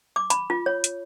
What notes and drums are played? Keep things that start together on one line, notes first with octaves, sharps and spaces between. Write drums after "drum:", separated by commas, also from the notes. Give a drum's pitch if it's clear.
D6
B5, drum: hi-hat
F4
C#5
drum: hi-hat